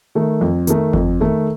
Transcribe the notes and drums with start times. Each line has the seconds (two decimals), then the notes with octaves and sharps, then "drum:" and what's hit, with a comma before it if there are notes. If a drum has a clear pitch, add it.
0.15 D#3 A3
0.41 F2
0.67 D#3 A3, drum: hi-hat
0.93 F2, drum: kick G1
1.20 D#3 A3